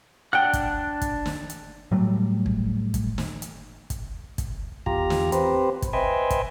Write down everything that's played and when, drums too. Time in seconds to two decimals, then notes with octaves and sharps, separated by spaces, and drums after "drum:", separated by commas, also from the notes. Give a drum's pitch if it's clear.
0.33 D4 F#5 G5 F#6
0.53 drum: kick, hi-hat
1.01 drum: kick, hi-hat
1.26 drum: snare
1.50 drum: hi-hat
1.91 A2 F#3 G3 A3
2.46 drum: kick
2.94 drum: kick, hi-hat
3.18 drum: snare
3.42 drum: hi-hat
3.90 drum: kick, hi-hat
4.38 drum: kick, hi-hat
4.86 E2 F4 G4 A#5, drum: kick
5.10 drum: snare
5.32 C4 G4 B4 C5, drum: hi-hat
5.82 drum: kick, hi-hat
5.93 B4 C5 D#5 E5 G5 G#5
6.30 drum: kick, hi-hat